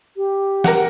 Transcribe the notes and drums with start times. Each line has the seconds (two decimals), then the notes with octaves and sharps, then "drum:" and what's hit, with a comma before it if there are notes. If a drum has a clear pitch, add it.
0.17 G4
0.64 A#4 F#5, drum: snare